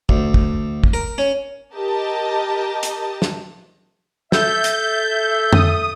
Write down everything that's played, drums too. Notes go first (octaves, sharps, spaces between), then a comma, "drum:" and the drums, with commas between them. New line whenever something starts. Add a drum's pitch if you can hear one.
D2, drum: kick
drum: kick
drum: kick
A#4
C#4
G4 A#4 D#5 A5
drum: hi-hat
drum: snare
A4 E5 G6, drum: snare
drum: hi-hat
D#6, drum: tom F2